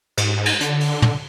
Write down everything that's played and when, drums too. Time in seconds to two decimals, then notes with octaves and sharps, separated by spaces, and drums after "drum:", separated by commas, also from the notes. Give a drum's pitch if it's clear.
0.17 G#2, drum: cymbal
0.46 drum: cymbal
0.61 D3, drum: hi-hat
0.80 drum: open hi-hat
1.02 drum: tom